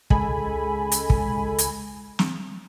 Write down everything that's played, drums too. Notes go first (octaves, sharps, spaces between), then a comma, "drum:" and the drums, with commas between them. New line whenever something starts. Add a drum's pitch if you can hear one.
C#2 G#3 A4 G#5 B5, drum: kick
drum: hi-hat
drum: kick
drum: hi-hat
drum: snare